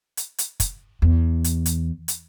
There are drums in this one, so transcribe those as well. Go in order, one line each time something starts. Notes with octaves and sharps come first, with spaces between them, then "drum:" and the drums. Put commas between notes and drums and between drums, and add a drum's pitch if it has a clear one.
drum: hi-hat
drum: hi-hat
drum: kick, hi-hat
E2
drum: hi-hat
drum: hi-hat
drum: hi-hat